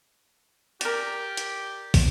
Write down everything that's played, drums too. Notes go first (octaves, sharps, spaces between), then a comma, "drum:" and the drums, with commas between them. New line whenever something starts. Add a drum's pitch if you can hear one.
G4 A#4 D5, drum: hi-hat
drum: hi-hat
drum: kick, open hi-hat